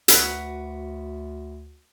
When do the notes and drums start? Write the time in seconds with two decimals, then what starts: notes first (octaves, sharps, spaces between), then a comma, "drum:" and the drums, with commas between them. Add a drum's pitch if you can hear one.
0.08 D2 F#4 B4, drum: hi-hat